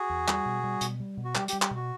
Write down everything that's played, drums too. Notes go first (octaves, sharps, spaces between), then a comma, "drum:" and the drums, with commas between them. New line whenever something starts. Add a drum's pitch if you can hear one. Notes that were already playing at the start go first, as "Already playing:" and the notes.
Already playing: F#4 G#4
E2
G3, drum: clap
B2
G3
B2, drum: hi-hat
G3
B2
F#4
G3 G4, drum: clap
G4, drum: hi-hat
G3
G4, drum: clap
B2 F#4